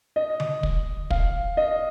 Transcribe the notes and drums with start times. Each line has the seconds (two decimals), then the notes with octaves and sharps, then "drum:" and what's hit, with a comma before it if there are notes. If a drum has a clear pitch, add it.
0.16 D#5
0.40 drum: tom D3
0.63 drum: kick
1.10 F5, drum: kick
1.57 D#5